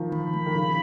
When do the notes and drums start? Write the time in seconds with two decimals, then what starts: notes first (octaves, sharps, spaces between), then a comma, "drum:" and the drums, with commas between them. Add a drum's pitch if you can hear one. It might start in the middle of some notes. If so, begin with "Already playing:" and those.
Already playing: D#3 F3
0.12 B5, drum: tom
0.34 drum: tom G3
0.46 D#3
0.54 C#3 F3